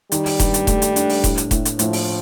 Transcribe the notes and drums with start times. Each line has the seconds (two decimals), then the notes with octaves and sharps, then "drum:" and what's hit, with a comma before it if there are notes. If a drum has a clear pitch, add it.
0.12 D#3 G3, drum: hi-hat
0.26 drum: open hi-hat
0.39 G2, drum: kick E1, hi-hat
0.54 drum: hi-hat
0.67 A3, drum: kick E1, hi-hat
0.82 drum: hi-hat
0.96 D4, drum: hi-hat
1.10 drum: open hi-hat
1.24 A2, drum: kick E1, hi-hat
1.37 drum: hi-hat
1.51 A2, drum: kick E1, hi-hat
1.65 drum: hi-hat
1.79 A2 F3, drum: hi-hat
1.93 drum: open hi-hat